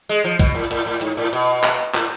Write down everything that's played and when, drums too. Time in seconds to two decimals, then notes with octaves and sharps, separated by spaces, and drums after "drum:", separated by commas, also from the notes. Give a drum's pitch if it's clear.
0.09 G#3, drum: hi-hat
0.24 F3
0.39 B2, drum: kick, hi-hat
0.55 A2
0.71 A2, drum: hi-hat
0.86 A2
1.01 G#2, drum: hi-hat
1.17 A2
1.33 B2, drum: hi-hat
1.64 drum: clap
1.94 A2, drum: clap